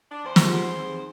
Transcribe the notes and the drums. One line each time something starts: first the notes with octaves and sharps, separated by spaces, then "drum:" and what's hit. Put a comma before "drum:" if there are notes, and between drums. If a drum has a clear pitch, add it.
D4
E2 C5
F4 G4 G#4, drum: snare
F#5
C4 D#4 G#4